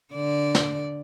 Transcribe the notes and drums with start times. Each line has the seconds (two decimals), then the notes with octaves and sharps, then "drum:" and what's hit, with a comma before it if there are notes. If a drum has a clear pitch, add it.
0.14 D3 D5
0.55 drum: snare